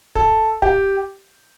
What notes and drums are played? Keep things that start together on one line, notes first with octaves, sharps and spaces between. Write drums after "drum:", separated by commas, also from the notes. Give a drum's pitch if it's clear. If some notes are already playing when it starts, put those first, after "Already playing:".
A4, drum: kick
G4, drum: kick